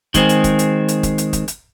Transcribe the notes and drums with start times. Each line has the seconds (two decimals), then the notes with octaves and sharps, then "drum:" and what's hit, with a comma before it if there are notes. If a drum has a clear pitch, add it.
0.14 D#3 G#3 C4 G#4, drum: kick, hi-hat
0.29 drum: hi-hat
0.44 drum: kick, hi-hat
0.59 drum: hi-hat
0.88 drum: hi-hat
1.03 drum: kick, hi-hat
1.18 drum: hi-hat
1.33 drum: kick, hi-hat
1.48 drum: hi-hat